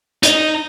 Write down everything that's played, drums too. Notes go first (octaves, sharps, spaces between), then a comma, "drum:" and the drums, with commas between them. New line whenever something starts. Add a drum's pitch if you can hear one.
D#4, drum: hi-hat